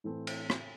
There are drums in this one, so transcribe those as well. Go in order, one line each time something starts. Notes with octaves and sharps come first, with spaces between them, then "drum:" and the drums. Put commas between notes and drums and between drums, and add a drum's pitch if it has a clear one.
A2 E3 A3 C4
drum: cymbal
drum: rim click